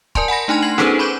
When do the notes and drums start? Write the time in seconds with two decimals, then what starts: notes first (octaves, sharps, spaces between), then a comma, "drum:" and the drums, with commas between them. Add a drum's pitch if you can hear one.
0.15 A#4 D5 G#5 A5 C6, drum: kick
0.28 F#5 G#5 B5 A#6
0.48 A3 D4 D#4 G#5 C6 G#6
0.62 G#6 C7 F#7
0.78 C#4 D#4 G#4 A4 B4 C5, drum: snare B3
0.99 B5 C#6 D6 G6